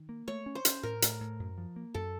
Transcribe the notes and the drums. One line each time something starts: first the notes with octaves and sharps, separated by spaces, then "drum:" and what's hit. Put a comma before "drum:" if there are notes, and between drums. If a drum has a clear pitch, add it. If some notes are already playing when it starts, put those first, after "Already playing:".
Already playing: D#3
A#3
A3 C#5
C#4
C5
C#4, drum: hi-hat
A2 A#4
A2, drum: hi-hat
A2
F#2
F3
A#3
F#2 A4